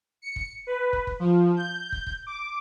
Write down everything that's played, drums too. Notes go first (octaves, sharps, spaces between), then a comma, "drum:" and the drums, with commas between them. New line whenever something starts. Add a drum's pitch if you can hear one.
C#7
drum: kick
B4
drum: kick
drum: kick
F3
G6
drum: kick
drum: kick
D6